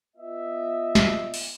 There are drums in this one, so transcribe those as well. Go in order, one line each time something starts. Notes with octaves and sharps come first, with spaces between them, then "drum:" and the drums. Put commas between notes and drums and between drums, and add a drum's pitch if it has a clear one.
B3 F4 D#5 E5
drum: snare
drum: open hi-hat